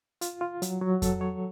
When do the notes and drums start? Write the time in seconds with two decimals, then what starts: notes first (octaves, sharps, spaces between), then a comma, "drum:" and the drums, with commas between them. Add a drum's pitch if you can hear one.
0.21 F4, drum: hi-hat
0.41 F4
0.62 F#3, drum: hi-hat
0.81 F#3
1.02 A4, drum: kick F2, hi-hat
1.21 C#5